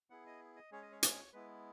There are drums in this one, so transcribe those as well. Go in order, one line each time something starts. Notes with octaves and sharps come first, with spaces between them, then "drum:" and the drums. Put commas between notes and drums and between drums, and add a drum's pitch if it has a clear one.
B3 E4 G#4 F#5
D#5
D#5
G#3 C#4 G#4 C#5
D#5
C#5
C#5, drum: hi-hat
G#3 B3 E4 B4